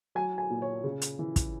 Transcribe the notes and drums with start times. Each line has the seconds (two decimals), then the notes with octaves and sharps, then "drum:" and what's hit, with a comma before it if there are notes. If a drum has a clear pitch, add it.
0.15 F#3 G#5
0.38 G#5
0.50 A#2
0.62 C#5
0.84 C#3
1.02 drum: hi-hat
1.19 E3
1.36 drum: kick, hi-hat